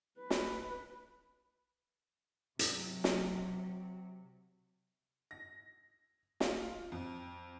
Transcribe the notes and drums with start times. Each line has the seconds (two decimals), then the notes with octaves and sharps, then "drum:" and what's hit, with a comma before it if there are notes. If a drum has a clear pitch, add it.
0.19 B4
0.30 drum: snare
2.59 C3 F#3, drum: hi-hat
3.04 drum: snare
5.31 A#6
6.40 F4, drum: snare
6.92 F2